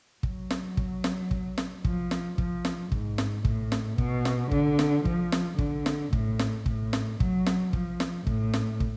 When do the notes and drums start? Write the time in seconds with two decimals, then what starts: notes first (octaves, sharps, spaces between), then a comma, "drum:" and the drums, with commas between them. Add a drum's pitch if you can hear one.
0.23 F#3, drum: kick
0.51 drum: snare
0.77 drum: kick
1.04 drum: snare
1.31 drum: kick
1.58 drum: snare
1.85 F3, drum: kick
2.11 drum: snare
2.38 F3, drum: kick
2.65 drum: snare
2.92 G#2, drum: kick
3.18 drum: snare
3.45 A2, drum: kick
3.72 drum: snare
3.98 B2, drum: kick
4.25 drum: snare
4.51 D3, drum: kick
4.79 drum: snare
5.05 F3, drum: kick
5.32 drum: snare
5.58 D3, drum: kick
5.86 drum: snare
6.13 A2, drum: kick
6.39 drum: snare
6.66 A2, drum: kick
6.93 drum: snare
7.20 F#3, drum: kick
7.46 drum: snare
7.73 F3, drum: kick
8.00 drum: snare
8.27 A2, drum: kick
8.54 drum: snare
8.80 drum: kick